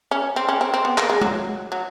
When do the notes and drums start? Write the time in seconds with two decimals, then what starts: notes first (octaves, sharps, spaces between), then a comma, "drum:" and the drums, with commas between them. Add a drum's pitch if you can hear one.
0.11 C#4
0.36 C4
0.48 C#4
0.61 C4
0.74 C4
0.85 B3
0.98 A#3, drum: clap
1.09 G#3
1.21 F#3, drum: tom
1.72 F#3